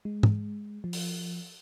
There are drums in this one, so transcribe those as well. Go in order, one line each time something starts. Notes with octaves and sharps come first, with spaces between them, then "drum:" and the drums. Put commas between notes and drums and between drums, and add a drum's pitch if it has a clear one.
G#3
drum: tom G#2
F3
drum: open hi-hat